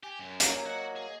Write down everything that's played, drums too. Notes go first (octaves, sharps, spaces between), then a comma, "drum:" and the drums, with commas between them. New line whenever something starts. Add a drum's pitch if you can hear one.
G4 G#5
F#2
F#3 A#3, drum: hi-hat
F#4 D#5 F#5
G#4